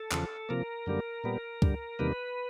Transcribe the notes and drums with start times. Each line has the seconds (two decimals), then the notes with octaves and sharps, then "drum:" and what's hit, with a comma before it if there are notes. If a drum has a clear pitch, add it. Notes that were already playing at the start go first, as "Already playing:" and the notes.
Already playing: A4
0.11 E2 C#3 F3, drum: clap
0.49 C3 F3 A#3 A#4
0.86 F#2 D3 G3 A#3
1.24 A#2 G3 B3
1.62 G2 D3 G3, drum: kick C#2
1.99 E2 C3 D#3 G3 A#3 B4